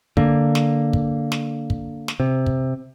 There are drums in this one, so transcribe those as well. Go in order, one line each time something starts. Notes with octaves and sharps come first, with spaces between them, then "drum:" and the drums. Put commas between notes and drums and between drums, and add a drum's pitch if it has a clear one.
D3 A#3, drum: kick
drum: snare
drum: kick
drum: snare
drum: kick
drum: snare
C3
drum: kick